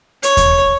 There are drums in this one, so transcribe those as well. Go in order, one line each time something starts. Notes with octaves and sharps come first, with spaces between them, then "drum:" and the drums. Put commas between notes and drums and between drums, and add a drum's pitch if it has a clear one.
C#5, drum: hi-hat
drum: kick D#2, hi-hat